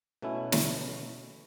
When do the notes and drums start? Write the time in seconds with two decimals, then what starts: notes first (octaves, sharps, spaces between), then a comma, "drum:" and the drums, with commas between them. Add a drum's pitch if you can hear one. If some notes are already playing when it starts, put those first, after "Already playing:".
0.22 B2 A3 C#4 E4
0.52 drum: snare